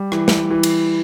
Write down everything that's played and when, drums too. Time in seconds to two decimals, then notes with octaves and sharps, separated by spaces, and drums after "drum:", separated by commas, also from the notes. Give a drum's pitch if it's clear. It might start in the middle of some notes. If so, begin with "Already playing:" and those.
Already playing: G3
0.12 E3, drum: rim click
0.28 drum: snare
0.50 E3
0.63 drum: cymbal